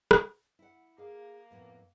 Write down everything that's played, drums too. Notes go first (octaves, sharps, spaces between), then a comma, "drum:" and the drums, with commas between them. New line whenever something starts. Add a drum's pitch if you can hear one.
drum: rim click
E4 F#5
A#3 G#4 F5
F2 A2 B3